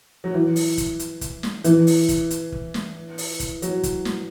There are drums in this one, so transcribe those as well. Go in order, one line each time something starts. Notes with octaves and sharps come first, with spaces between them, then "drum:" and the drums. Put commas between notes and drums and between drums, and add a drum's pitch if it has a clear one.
F#3
E3
drum: open hi-hat
drum: kick, hi-hat
drum: hi-hat
drum: kick, hi-hat
drum: snare
E3, drum: hi-hat
drum: open hi-hat
drum: kick, hi-hat
drum: hi-hat
drum: kick
drum: snare
drum: open hi-hat
drum: kick, hi-hat
F#3, drum: hi-hat
drum: kick, hi-hat
drum: snare